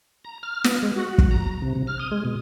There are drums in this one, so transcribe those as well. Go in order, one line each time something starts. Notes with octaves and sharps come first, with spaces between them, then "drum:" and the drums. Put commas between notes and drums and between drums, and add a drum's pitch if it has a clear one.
A#5
F6
B3, drum: snare
G#3
F#4
drum: kick
A#5
C3
C3
F6
D#6
G#3
B2